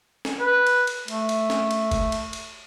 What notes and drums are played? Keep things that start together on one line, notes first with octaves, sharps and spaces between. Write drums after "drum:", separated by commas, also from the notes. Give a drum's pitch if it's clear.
drum: snare
B4
drum: cymbal
drum: cymbal
A3, drum: cymbal
drum: cymbal
drum: snare
drum: cymbal
drum: kick F#1, cymbal
drum: cymbal
drum: cymbal